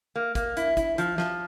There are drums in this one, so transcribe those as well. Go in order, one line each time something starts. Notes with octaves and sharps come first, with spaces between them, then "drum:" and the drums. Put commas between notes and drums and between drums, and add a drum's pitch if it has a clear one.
A#3
A#3, drum: kick, hi-hat
E4, drum: hi-hat
E4, drum: kick, hi-hat
F3, drum: hi-hat
F3, drum: snare